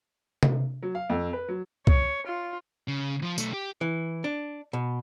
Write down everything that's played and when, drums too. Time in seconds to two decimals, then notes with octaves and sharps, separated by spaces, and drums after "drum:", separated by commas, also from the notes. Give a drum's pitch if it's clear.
0.43 drum: tom C3
0.82 F#3
0.95 F5
1.09 F2
1.33 B4
1.48 F#3
1.87 C#5, drum: kick
2.27 F4
2.88 C#3
3.23 F3 F4
3.38 B1 A3, drum: tambourine
3.53 G4
3.81 E3
4.24 D4
4.73 B2